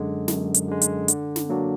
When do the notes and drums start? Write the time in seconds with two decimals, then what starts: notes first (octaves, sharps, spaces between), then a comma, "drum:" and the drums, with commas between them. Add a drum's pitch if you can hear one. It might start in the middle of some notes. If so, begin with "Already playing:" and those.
Already playing: F#2 D3 G#3
0.28 F#2, drum: snare
0.54 drum: hi-hat
0.68 D3 G#3
0.82 drum: hi-hat
1.08 D3, drum: hi-hat
1.36 drum: snare
1.49 F#3 A#3 D4 F#4